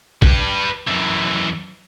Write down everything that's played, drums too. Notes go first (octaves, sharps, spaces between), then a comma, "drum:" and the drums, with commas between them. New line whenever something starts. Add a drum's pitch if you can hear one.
G3 B4, drum: kick
F#2 E3